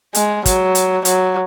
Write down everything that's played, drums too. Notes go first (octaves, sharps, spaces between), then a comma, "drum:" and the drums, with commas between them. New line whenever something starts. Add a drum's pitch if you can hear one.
G#3, drum: hi-hat
F#3, drum: kick, hi-hat
drum: hi-hat
F#3, drum: hi-hat